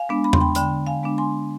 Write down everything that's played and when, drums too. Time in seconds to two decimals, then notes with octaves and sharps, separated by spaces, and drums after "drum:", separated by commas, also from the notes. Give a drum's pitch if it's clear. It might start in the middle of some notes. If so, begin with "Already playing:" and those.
Already playing: F5 G#5
0.09 G#3 B3 D4
0.24 B5
0.33 C6, drum: tom E2
0.41 G5 B5
0.55 D3 G5 B5, drum: hi-hat
0.87 F5 G#5
1.03 G#3 B3 D4
1.18 G#5 C6